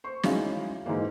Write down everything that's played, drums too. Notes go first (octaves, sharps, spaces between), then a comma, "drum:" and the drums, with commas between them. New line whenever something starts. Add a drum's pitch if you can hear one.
C5 C#6
F#3 G#3 C#4 D#4 E4 F5, drum: snare
G#2 E3 G#3 A#3